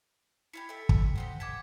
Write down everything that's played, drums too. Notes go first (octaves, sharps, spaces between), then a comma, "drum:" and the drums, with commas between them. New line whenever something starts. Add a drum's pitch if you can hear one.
E4 F4 G4 C#7
A4 E5 G5
drum: kick
C4 G4 D#5 F#5
D5 G5 A5 D6 G#6 B6